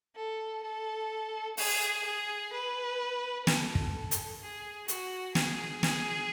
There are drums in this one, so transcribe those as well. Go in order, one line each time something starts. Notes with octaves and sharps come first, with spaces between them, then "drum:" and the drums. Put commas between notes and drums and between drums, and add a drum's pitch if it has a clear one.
A4
A4
G#4, drum: open hi-hat
G#4
B4
A4, drum: snare
drum: kick
drum: hi-hat
G#4
F#4, drum: hi-hat
G#4, drum: snare
G#4, drum: snare